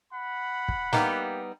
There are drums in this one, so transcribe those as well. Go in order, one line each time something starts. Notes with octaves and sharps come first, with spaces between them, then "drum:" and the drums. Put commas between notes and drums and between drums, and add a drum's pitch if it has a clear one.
F#5 B5
drum: kick
G3 A#3 B3 D#4 G4, drum: snare